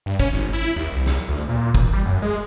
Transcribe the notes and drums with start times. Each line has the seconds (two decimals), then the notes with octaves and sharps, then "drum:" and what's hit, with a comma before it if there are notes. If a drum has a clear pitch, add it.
0.06 G2
0.19 C#4, drum: kick
0.33 G#1
0.53 E4
0.76 D#2
0.92 C2
1.06 drum: snare
1.29 D2
1.49 A#2
1.74 E1, drum: kick
1.93 G3
2.06 F#2
2.22 G#3